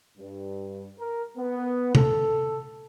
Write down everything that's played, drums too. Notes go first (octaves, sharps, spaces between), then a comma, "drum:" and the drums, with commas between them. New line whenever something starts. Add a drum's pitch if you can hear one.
G2
A#4
B3
A4, drum: tom C3